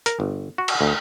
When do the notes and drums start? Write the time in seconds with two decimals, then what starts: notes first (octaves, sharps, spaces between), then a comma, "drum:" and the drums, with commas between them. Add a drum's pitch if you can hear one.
0.06 A#4, drum: hi-hat
0.20 G1
0.58 F#4
0.68 drum: cymbal
0.81 D2